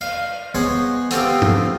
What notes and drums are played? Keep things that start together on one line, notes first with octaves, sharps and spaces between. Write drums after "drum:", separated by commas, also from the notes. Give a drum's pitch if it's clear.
F5, drum: cymbal
G#3 B3 C5 C#5 F#5
A3 B3 C4 F4 G4, drum: hi-hat
drum: tom G2